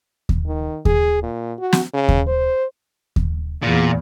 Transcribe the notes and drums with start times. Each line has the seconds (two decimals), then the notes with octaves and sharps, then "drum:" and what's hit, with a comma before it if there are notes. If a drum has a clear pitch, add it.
0.29 drum: kick D#2
0.47 D#3
0.85 G#4, drum: kick D#2
1.23 A#2
1.59 F#4
1.73 drum: snare
1.93 C#3
2.08 drum: kick D#2
2.27 C5
3.16 drum: kick D#2
3.63 E2 A#2